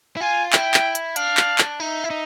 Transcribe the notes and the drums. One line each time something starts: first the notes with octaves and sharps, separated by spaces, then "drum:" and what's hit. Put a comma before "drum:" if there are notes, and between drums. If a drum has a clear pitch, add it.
E4
F4 G#5
E4 G5, drum: clap
drum: clap
drum: hi-hat
D4 F5, drum: hi-hat
drum: clap
drum: clap
D#4 E5
E4
D#4